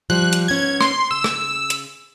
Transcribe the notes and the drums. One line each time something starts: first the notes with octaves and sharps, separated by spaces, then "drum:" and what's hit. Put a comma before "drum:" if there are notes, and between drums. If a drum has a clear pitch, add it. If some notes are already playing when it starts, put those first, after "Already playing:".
F3 G3 F#6
drum: hi-hat
G#2 B3 C#4 G#6
C6, drum: rim click
C#3 E6
drum: rim click
drum: hi-hat